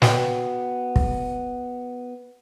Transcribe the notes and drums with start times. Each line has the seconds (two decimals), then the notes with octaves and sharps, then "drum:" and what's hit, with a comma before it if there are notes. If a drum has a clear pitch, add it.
0.02 B3 F#4 B4 G5, drum: snare
0.96 drum: kick